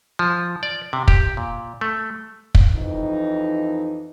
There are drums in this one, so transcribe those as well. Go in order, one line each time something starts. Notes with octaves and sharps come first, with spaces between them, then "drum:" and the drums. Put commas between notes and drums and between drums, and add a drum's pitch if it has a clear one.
F3
D5
C3
G4, drum: kick
A#2
A3
drum: kick
F2 E3 D#4